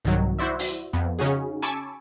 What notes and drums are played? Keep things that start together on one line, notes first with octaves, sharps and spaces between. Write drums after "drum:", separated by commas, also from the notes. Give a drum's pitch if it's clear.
C2 G#2 D#3 F#3
E4 F#4 C5 D5 E5
drum: open hi-hat
F2 B3
C#3 C#4 D#4 F#4 G#4
G#5 A5 B5 C#6 D6 E6, drum: hi-hat